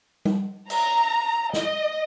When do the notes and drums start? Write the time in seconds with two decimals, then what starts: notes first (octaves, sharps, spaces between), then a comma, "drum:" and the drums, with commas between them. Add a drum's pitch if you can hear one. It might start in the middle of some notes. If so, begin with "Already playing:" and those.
0.25 drum: tom G3
0.70 A#5, drum: cymbal
1.53 D#5, drum: snare